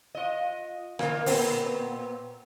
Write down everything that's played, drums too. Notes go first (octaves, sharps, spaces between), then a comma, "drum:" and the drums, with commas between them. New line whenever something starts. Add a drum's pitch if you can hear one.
F4 D#5
D3 A#3, drum: rim click
A#2 B3 C4, drum: open hi-hat